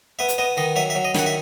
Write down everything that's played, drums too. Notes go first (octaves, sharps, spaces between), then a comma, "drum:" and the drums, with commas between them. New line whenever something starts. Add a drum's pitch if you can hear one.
B3 E5
drum: hi-hat
B3 D#5
D#3 D#5
F#3 E5
E5
F#3
D#5
D#3 F#5, drum: snare
E5